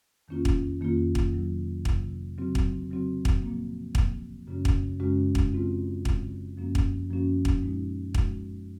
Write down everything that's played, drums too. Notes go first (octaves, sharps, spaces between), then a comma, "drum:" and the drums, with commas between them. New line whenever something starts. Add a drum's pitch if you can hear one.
F2 D#3 A#3 C#4 F4
drum: kick
F2 D#3 A#3 C#4 F4
drum: kick
C3 D#3 F#3
C3 D#3 F#3, drum: kick
C#3 F#3 C4 F#4
drum: kick
C#3 F#3 C4 F#4
drum: kick
A#2 F3 A#3
A#2 F3 A#3, drum: kick
F#2 C#3 G#3 C#4 F#4
drum: kick
F#2 C#3 G#3 C#4 F#4
drum: kick
C#3 G#3 C4 F4
C#3 G#3 C4 F4, drum: kick
F#2 F3 A#3 C#4 F#4
drum: kick
F#2 F3 A#3 C#4 F#4
drum: kick
A#2 G#3 D#4 F#4
A#2 G#3 D#4 F#4, drum: kick